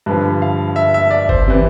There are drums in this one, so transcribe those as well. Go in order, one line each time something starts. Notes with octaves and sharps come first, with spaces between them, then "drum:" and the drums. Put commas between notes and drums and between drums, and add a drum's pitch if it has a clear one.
G2 D3 F3 B4
F5
E5
E5
D5
C5, drum: kick G1
C3 E3